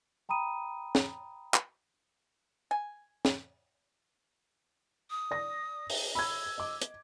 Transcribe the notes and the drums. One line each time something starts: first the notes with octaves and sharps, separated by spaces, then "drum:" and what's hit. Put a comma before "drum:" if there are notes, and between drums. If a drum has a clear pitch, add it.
G5 A#5 B5 D#6 D#7
drum: snare
drum: clap
G#5
drum: snare
D#6
D5 A#6
drum: open hi-hat
B5 E6 G#6
D#5 D6
drum: hi-hat